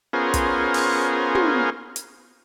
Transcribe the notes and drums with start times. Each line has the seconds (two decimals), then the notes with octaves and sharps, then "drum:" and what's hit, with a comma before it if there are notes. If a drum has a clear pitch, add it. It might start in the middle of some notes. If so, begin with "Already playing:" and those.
0.13 B3 C#4 F4 G#4 A#4 C5
0.34 drum: kick, hi-hat
0.74 drum: open hi-hat
1.35 drum: tom
1.96 drum: hi-hat